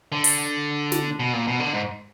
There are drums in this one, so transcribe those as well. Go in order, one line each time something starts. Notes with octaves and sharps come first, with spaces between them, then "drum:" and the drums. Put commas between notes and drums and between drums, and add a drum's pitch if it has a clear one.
D3
drum: open hi-hat
drum: snare
B2
A#2
B2
D3
G#2